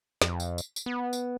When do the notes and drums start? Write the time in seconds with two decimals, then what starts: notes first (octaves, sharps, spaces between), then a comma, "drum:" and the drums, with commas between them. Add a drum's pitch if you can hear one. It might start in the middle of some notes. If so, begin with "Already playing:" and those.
0.22 F2, drum: snare
0.40 drum: tambourine
0.58 drum: tambourine
0.76 drum: tambourine
0.86 B3
1.13 drum: tambourine